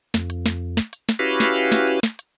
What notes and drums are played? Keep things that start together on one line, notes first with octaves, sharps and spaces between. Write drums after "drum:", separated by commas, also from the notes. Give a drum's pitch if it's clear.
F2, drum: snare
drum: hi-hat
drum: snare
drum: snare
drum: hi-hat
drum: snare
C#4 E4 F#4 G4 B4 F5
drum: snare
drum: hi-hat
drum: snare
drum: hi-hat
drum: snare
drum: hi-hat